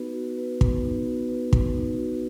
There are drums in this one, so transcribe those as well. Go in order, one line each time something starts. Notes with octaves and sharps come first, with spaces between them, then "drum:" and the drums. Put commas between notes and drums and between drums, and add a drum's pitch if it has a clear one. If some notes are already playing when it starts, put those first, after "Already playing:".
Already playing: B3 D#4 F#4 B4
F#4
B4
B3, drum: kick
D#4
F#4
B4
B3, drum: kick
D#4
F#4